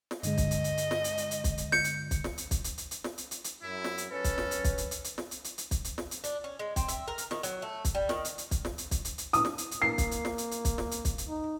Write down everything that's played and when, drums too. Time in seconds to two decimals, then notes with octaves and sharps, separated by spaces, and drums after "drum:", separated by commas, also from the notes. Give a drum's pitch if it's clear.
0.11 drum: snare
0.23 G2 D3 G#3 D#5, drum: hi-hat
0.37 drum: kick, hi-hat
0.51 drum: hi-hat
0.64 drum: hi-hat
0.78 drum: hi-hat
0.91 drum: snare
1.04 drum: hi-hat
1.18 drum: hi-hat
1.31 drum: hi-hat
1.44 drum: kick, hi-hat
1.58 drum: hi-hat
1.72 G6 C#7, drum: snare
1.84 drum: hi-hat
2.11 drum: kick, hi-hat
2.24 drum: snare
2.38 drum: hi-hat
2.51 drum: kick, hi-hat
2.64 drum: hi-hat
2.78 drum: hi-hat
2.91 drum: hi-hat
3.04 drum: snare
3.18 drum: hi-hat
3.31 drum: hi-hat
3.44 drum: hi-hat
3.63 F#2 E4
3.84 drum: snare
3.98 drum: hi-hat
4.11 F#2 C#4 A4 B4
4.24 drum: kick, hi-hat
4.38 drum: snare
4.51 drum: hi-hat
4.64 drum: kick, hi-hat
4.78 drum: hi-hat
4.91 drum: hi-hat
5.04 drum: hi-hat
5.18 drum: snare
5.31 drum: hi-hat
5.44 drum: hi-hat
5.58 drum: hi-hat
5.71 drum: kick, hi-hat
5.84 drum: hi-hat
5.98 drum: snare
6.11 drum: hi-hat
6.24 D4, drum: hi-hat
6.44 C#4
6.59 G#3
6.76 C4, drum: kick, hi-hat
6.88 E5, drum: hi-hat
7.08 A#4
7.18 drum: hi-hat
7.31 D#3, drum: snare
7.43 F#3, drum: hi-hat
7.62 A3
7.85 drum: kick, hi-hat
7.95 G3
8.09 D#3, drum: snare
8.25 drum: hi-hat
8.38 drum: hi-hat
8.51 drum: kick, hi-hat
8.65 drum: snare
8.78 drum: hi-hat
8.91 drum: kick, hi-hat
9.05 drum: hi-hat
9.18 drum: hi-hat
9.33 D#6, drum: hi-hat
9.45 drum: snare
9.58 drum: hi-hat
9.71 drum: hi-hat
9.82 A#3 C7
9.98 drum: kick, hi-hat
10.11 drum: hi-hat
10.25 drum: snare
10.38 drum: hi-hat
10.51 drum: hi-hat
10.65 drum: kick, hi-hat
10.78 drum: snare
10.91 drum: hi-hat
11.05 drum: kick, hi-hat
11.18 drum: hi-hat
11.28 D#4